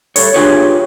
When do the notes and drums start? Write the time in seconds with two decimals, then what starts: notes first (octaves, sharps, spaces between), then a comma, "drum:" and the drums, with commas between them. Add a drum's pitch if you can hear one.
0.16 G3 A4 C#5, drum: open hi-hat
0.34 D4 F4 G4 G#4 B4 C#5